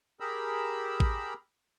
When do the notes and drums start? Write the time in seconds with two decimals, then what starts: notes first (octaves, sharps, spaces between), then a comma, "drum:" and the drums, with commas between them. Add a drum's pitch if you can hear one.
0.20 G4 G#4 A#4 A#5 B5 E6
1.00 drum: kick A1